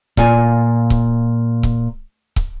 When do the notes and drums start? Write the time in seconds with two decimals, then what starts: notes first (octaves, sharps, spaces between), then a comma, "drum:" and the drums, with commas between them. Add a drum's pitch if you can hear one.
0.17 A#2 F4 G#5, drum: kick C#1, hi-hat
0.90 drum: kick C#1, hi-hat
1.63 drum: kick C#1, hi-hat
2.36 drum: kick C#1, hi-hat